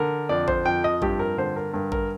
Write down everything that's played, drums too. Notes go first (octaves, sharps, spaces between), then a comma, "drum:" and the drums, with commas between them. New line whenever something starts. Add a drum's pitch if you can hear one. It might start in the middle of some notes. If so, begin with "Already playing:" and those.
Already playing: D3 A#4
F2 D5
C5, drum: kick A1
F2 G5
D#5
G2 G4, drum: kick A1
A#4
D3 C5
A#4
G2 A#4
A#4, drum: kick A1